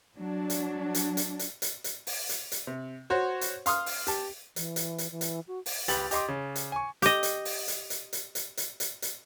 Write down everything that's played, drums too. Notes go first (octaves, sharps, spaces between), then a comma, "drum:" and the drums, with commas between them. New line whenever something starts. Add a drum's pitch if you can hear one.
F#3 D4
drum: hi-hat
drum: hi-hat
drum: hi-hat
drum: hi-hat
drum: hi-hat
drum: hi-hat
drum: open hi-hat
drum: hi-hat
drum: hi-hat
C3
F#4 C5 C#5
drum: hi-hat
F5 C6 D#6 F6, drum: hi-hat
drum: open hi-hat
G4 A5, drum: hi-hat
E3, drum: hi-hat
drum: hi-hat
drum: hi-hat
E3
drum: hi-hat
F#4
drum: open hi-hat
C#2 G4 B4 A6 F#7, drum: hi-hat
G4 D#5 C6 D6, drum: hi-hat
C#3
drum: hi-hat
G#5 C#6
G4 D#5, drum: hi-hat
drum: hi-hat
drum: open hi-hat
drum: hi-hat
drum: hi-hat
drum: hi-hat
drum: hi-hat
drum: hi-hat
drum: hi-hat
drum: hi-hat